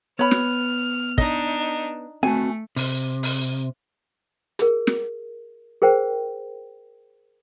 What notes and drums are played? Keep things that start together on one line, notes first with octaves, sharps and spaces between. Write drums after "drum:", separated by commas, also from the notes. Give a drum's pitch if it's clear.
B3 C#5 B5 F6
drum: snare
D4 D#4 D#5, drum: kick
A3 C4 F#4 G#5 A5
C3, drum: open hi-hat
drum: open hi-hat
G#4 A#4, drum: hi-hat
drum: snare
G#4 A#4 C5 G5